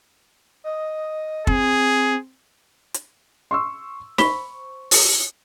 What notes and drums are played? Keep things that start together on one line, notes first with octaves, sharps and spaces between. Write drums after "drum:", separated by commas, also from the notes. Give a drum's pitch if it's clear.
D#5
C4 G#4, drum: kick
drum: hi-hat
C6 C#6 E6
C5 B5 C#6 B6 G7, drum: snare
drum: open hi-hat